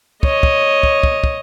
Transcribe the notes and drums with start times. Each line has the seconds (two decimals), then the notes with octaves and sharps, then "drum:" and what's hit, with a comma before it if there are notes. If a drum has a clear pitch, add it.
0.23 C#5 D#5, drum: kick
0.43 drum: kick
0.83 drum: kick
1.03 drum: kick
1.24 drum: kick